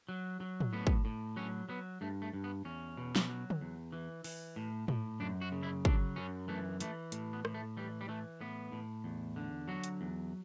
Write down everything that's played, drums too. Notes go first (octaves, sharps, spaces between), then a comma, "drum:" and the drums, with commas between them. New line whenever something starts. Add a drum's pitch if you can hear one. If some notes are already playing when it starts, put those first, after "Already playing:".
F#3
F#3
drum: tom
A2 B3
drum: kick
A2
F#3 C#4
F#3 B3
G2 A3
A3
G2
B3
E2 C#4
B2
drum: snare
F#3
drum: tom
E2
E3
E3, drum: open hi-hat
A2
A2, drum: tom
F#2 D4
F#4
C#3
E4
F#3 D4, drum: kick
F#2 C#4
E3 A3
E3 A3, drum: hi-hat
A2, drum: hi-hat
B3
A2, drum: rim click
A3
E3 G3
G3
E3 A3
A2 B3
A2
E2
D3
F#3 F#4
drum: hi-hat
E2